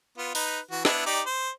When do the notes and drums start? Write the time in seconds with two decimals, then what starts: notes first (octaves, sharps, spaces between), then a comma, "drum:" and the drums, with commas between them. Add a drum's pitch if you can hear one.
0.18 B3 F4
0.35 D#4 B4, drum: open hi-hat
0.71 E3 F#4
0.85 B3 D4 E4, drum: snare
1.06 D#4 G4 D5
1.26 C5